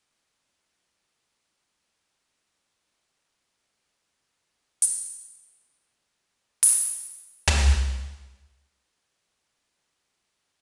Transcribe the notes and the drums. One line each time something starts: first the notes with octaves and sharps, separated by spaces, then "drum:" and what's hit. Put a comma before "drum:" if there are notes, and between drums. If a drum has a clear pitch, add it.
F3
A2
G2
G1
B1 A3
E2 G2
F1 G2 G#5 E7 G7
B3 A#6
F4 B4 F5
F#5 G5 E6 C#7 D7
E5 D6 F6 A#6 C7
F3 F#3 D#4
E3 G#3 C#5 A5 A#5
drum: hi-hat
D4 A#4 B4
E4
A#2
drum: open hi-hat
B4
drum: tom
G#4
G3
F#4
D5
F#2
E5
G#3